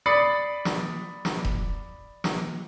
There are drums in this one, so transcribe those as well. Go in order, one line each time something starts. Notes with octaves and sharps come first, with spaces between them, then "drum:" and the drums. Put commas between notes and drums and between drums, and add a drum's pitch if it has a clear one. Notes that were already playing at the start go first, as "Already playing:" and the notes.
D5 B5 D#6 A6 C7 C#7
drum: snare
drum: snare
drum: kick E1
drum: snare